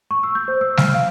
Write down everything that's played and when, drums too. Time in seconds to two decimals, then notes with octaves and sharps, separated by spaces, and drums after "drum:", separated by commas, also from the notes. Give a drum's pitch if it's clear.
0.11 C#6
0.23 E6
0.35 G6
0.48 C5
0.61 E6
0.77 F6, drum: snare G3
0.94 F5